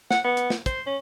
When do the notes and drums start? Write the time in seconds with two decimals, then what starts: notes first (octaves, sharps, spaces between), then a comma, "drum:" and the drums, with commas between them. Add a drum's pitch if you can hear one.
0.11 F#5, drum: snare
0.24 B3
0.37 drum: hi-hat
0.50 drum: snare
0.66 C5, drum: kick, hi-hat
0.86 C#4